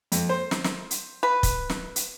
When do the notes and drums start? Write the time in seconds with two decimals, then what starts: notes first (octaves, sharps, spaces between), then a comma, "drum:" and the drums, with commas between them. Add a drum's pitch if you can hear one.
0.12 F2, drum: hi-hat
0.29 C5
0.51 drum: snare
0.64 drum: snare
0.91 drum: hi-hat
1.23 B4
1.43 drum: kick, hi-hat
1.69 drum: snare
1.96 drum: hi-hat